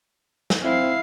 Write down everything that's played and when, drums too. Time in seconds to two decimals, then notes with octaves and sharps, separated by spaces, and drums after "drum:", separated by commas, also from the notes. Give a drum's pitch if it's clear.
0.50 drum: snare
0.64 C4 E4 F5 C7